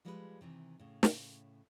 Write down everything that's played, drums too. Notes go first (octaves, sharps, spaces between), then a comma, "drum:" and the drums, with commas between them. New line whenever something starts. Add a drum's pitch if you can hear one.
F3 G3 G#3 G#4 A#4 B4
C3 D#3 E3
A2 C#3
drum: snare